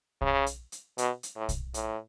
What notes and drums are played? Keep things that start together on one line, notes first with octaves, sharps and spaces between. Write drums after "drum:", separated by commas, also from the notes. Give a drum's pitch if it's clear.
C#3, drum: kick
drum: hi-hat
drum: hi-hat
B2, drum: hi-hat
drum: hi-hat
A2
drum: kick, hi-hat
A2, drum: hi-hat